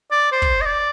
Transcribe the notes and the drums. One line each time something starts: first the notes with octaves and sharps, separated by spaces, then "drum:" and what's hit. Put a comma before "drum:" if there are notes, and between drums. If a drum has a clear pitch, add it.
D5
C5
drum: kick
D#5
D5